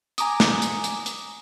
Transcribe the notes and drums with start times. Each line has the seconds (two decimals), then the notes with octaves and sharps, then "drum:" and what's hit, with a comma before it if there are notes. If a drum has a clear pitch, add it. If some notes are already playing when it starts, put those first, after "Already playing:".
0.18 G#5 A#5 D6 D#6, drum: hi-hat
0.40 drum: snare
0.62 drum: hi-hat
0.84 drum: hi-hat
1.06 drum: hi-hat